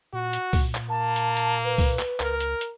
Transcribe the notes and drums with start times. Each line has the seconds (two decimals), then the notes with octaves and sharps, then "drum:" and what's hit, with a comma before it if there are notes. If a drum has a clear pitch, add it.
0.13 A#2 F#4
0.33 drum: hi-hat
0.53 A#2, drum: kick, open hi-hat
0.75 drum: clap
0.90 A#3 A5
1.16 drum: hi-hat
1.37 drum: hi-hat
1.65 B4
1.78 drum: kick, open hi-hat
1.99 drum: clap
2.20 C#2 A#4, drum: clap
2.40 drum: hi-hat
2.61 drum: hi-hat